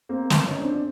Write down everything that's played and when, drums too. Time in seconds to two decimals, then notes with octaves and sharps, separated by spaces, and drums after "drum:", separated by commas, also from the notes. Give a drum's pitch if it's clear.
0.09 A#3 C4
0.30 drum: snare
0.47 C#4 D#4
0.59 C4 D4
0.72 C4 D4